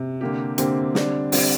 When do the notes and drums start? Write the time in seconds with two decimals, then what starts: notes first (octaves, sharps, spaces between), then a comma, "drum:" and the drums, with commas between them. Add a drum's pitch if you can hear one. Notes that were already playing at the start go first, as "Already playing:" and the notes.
Already playing: C3
0.21 D3 A#3 G4
0.58 D3 A#3 C4 G4, drum: hi-hat
0.95 D3 G3 D4, drum: snare
1.32 D3 G3 C4 D4, drum: open hi-hat